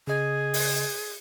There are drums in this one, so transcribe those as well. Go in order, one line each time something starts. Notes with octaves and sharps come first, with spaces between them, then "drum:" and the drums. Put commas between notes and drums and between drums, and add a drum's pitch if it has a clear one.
C#3 G#4 D#5
drum: open hi-hat